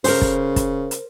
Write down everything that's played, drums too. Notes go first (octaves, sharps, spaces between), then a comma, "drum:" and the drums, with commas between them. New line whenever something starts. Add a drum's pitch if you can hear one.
C#3 A#4 C5, drum: open hi-hat
drum: kick
drum: kick, hi-hat
drum: hi-hat